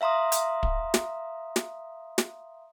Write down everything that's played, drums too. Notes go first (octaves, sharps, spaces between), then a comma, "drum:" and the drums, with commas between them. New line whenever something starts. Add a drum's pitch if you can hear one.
E5 F5 A#5 C6 D#6
drum: hi-hat
drum: kick
drum: snare
drum: snare
drum: snare